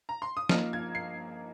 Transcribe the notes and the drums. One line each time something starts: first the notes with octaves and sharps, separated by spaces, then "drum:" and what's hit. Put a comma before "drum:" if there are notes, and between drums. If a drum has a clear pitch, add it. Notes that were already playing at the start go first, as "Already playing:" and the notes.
A#5
C6
D#6
F3 A#3 D#4 F6, drum: snare
G#6
C7